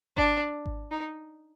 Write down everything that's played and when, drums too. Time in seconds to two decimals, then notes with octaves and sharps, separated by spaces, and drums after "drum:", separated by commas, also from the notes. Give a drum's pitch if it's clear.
0.17 D4, drum: kick G#1
0.66 drum: kick G#1
0.91 D#4